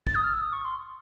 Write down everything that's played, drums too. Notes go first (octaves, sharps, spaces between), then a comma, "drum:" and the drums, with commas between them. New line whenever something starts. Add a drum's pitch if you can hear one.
A6, drum: kick
D#6
F6
E6
D#6
C#6
C6